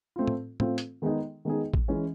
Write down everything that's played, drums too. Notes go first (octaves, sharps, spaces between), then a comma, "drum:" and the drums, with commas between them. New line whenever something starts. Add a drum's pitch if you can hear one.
A3 C4 F4
drum: tom
A3 C4 F4, drum: tom
drum: hi-hat
D#3 G#3 B3 D#4 G#4
D#3 G#3 B3 D#4 G#4
drum: kick A1
E3 G#3 C#4